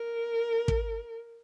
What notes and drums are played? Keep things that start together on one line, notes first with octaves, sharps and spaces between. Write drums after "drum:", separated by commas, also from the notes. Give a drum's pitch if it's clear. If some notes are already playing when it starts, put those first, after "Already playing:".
Already playing: A#4
drum: kick